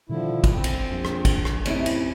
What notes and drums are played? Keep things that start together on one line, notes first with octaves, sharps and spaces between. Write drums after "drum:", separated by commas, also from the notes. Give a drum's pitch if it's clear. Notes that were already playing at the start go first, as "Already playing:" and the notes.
B2 D3 D#3 F3 G3 E4
drum: kick, cymbal
C4 G5
drum: cymbal
A#1 F2
drum: rim click
drum: kick, cymbal
drum: rim click
G#2 C3 C#4 D#4 E4, drum: cymbal
drum: cymbal